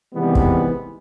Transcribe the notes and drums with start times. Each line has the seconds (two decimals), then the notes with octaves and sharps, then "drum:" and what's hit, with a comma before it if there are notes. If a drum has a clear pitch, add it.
0.14 C3 D#3 E3 G3 G#3 B3
0.35 drum: kick